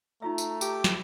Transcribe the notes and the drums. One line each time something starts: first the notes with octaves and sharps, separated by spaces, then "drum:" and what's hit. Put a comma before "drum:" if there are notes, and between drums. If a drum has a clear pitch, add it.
A3 D#4 F4 E5 A#5
drum: tambourine
G4, drum: tambourine
drum: snare